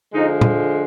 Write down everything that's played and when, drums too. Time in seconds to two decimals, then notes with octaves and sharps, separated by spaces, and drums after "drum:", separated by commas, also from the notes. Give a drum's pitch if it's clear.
0.13 D3 F3 G#3 D#4
0.41 drum: tom A#2